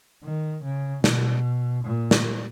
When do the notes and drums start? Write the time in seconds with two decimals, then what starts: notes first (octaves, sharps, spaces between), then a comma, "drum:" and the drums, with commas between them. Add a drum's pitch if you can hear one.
0.24 D#3
0.64 C#3
1.04 B2, drum: snare
1.84 A#2
2.11 drum: snare